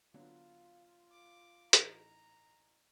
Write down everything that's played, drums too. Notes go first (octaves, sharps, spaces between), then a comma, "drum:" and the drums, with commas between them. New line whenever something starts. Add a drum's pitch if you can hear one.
D3 F#3 B3 F4
D6
A1 D#4 A#5, drum: hi-hat